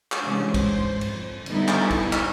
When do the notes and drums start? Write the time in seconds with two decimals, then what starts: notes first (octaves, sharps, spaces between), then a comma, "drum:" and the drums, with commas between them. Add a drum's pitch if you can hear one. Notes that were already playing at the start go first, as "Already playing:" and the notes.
0.12 drum: clap
0.22 C3 E3 G3 G#3 C#4 D4
0.54 G#2 C5, drum: kick, cymbal
1.01 F2, drum: cymbal
1.46 D3 G3 B3 D#4 E4, drum: cymbal
1.68 drum: clap
1.90 drum: kick, cymbal
2.13 drum: clap